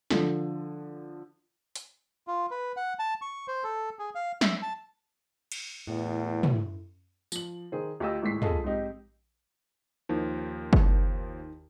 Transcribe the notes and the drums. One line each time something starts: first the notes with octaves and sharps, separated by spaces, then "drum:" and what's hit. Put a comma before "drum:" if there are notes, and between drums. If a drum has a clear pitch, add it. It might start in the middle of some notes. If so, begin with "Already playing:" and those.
D3 F3, drum: snare
drum: hi-hat
F4
B4
F#5
A5
C#6
C5
A4
G#4
F5
E5, drum: snare
A5
drum: cymbal
E2 A2
drum: tom
F3 F#7, drum: tambourine
D#3 G#4 C5
D2 F4 G4 D#5 E6
G#1 A2 G#3 B6 C7
F4 G#4 A4 D#5, drum: tom
G#2 C4 D#4 G4
D#2 D#3 F3
drum: kick F#1